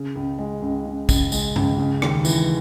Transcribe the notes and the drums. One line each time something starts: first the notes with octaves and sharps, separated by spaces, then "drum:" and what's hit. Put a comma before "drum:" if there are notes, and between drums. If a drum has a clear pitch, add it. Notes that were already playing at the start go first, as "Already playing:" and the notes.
Already playing: C#3
C#2
G#3
C#2
C#3
C#2, drum: kick, tambourine
G#3, drum: tambourine
C#2, drum: tom G2
C#3
D#2, drum: rim click
E3, drum: tambourine